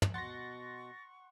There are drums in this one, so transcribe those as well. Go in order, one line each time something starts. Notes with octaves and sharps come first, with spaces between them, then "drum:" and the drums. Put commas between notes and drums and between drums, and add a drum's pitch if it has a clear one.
drum: tom
B2 F#5 C6 C#6 A6 A#6